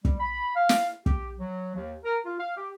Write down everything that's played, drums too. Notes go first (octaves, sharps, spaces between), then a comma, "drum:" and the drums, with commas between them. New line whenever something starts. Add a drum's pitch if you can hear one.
G3, drum: kick
B5
F5
drum: snare
G4, drum: kick
F#3
D#2
A#4
F4
F5
G4